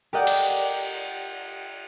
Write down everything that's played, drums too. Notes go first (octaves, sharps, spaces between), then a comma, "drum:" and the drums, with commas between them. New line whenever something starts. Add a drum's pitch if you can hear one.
G4 A#4 D5 D#5 F#5 G5
drum: cymbal